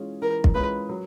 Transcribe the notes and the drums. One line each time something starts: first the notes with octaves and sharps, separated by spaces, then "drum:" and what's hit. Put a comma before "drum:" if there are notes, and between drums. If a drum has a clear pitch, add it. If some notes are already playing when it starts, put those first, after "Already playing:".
Already playing: E3 G#3 C#4 F4 G#4
E3 A#4
drum: kick
G#3 C#4 F4 G#4 B4
F#3